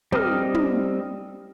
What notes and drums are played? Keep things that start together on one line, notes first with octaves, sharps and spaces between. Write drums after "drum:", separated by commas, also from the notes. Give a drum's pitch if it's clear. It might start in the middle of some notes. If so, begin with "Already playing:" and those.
G3 C4 D#5 F6, drum: tom
drum: tom